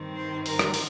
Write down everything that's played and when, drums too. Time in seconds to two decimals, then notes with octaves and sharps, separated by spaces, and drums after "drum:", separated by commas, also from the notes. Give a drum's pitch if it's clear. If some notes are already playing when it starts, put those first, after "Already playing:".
Already playing: G2 D#3 G3 C4
0.16 C5
0.46 A#4, drum: open hi-hat
0.59 drum: rim click
0.74 drum: open hi-hat